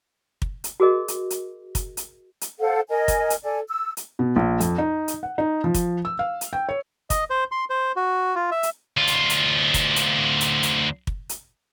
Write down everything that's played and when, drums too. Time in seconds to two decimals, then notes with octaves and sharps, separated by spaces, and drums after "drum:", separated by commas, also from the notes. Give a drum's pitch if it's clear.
0.42 drum: kick
0.64 drum: hi-hat
0.80 F#4 G#4 A#4 D#5
1.08 drum: hi-hat
1.30 drum: hi-hat
1.75 drum: kick, hi-hat
1.97 drum: hi-hat
2.41 drum: hi-hat
2.59 A4 C5 F5 F#5
2.90 A#4 D#5 G#5
3.08 drum: kick, hi-hat
3.30 drum: hi-hat
3.44 A4 D5 G#5
3.69 E6
3.97 drum: hi-hat
4.19 B2
4.36 A#1
4.60 F2, drum: hi-hat
4.78 D#4
5.08 drum: hi-hat
5.23 F#5
5.38 D#4
5.64 F3
5.74 drum: kick, hi-hat
6.05 E6
6.19 F5
6.41 drum: hi-hat
6.53 G5
6.69 C#5
7.10 D#5, drum: kick, hi-hat
7.30 C5
7.52 C6
7.70 C5
7.96 F#4
8.35 F4
8.52 E5
8.63 drum: hi-hat
8.97 D2 F4
9.07 drum: hi-hat
9.30 drum: hi-hat
9.74 drum: kick, hi-hat
9.96 drum: hi-hat
10.41 drum: hi-hat
10.63 drum: hi-hat
11.07 drum: kick
11.29 drum: hi-hat